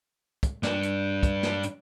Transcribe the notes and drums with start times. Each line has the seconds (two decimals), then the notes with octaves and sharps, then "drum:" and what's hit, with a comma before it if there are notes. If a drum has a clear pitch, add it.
0.43 drum: kick, hi-hat
0.63 G2 D4, drum: snare
0.83 drum: hi-hat
1.23 drum: kick, hi-hat
1.43 drum: snare
1.63 drum: hi-hat